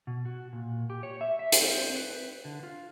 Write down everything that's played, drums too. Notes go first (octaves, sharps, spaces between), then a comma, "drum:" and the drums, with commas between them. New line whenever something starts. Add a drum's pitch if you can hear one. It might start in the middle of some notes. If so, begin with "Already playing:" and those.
B2
F#4
A#2
G4
C#5
E5
E5
drum: hi-hat
C4
B4
D3
F4